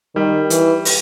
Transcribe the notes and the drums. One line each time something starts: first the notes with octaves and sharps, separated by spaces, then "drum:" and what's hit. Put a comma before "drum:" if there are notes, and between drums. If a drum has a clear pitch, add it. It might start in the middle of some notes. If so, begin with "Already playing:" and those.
D#3 G3
E3, drum: hi-hat
drum: open hi-hat